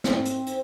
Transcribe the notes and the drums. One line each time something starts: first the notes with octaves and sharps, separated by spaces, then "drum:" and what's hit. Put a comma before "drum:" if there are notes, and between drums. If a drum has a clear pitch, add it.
C4, drum: snare
drum: hi-hat
drum: hi-hat